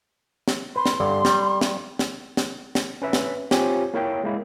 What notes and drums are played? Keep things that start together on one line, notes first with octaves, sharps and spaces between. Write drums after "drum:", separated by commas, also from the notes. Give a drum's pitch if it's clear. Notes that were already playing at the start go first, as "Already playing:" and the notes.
drum: snare
B4 C6
drum: snare
G2 D3
G3, drum: snare
drum: snare
drum: snare
drum: snare
drum: snare
C#4 B4 E5
drum: snare
C4 F4 G4 C#5 G#5, drum: snare
A#3 E4 A#4 C#5 E5 G5
G#3 A#3 E4